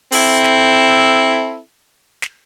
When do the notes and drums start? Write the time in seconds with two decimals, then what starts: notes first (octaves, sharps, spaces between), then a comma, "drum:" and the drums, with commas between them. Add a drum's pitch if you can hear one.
0.12 C4 E4 A4, drum: open hi-hat
0.44 drum: snare
2.22 drum: snare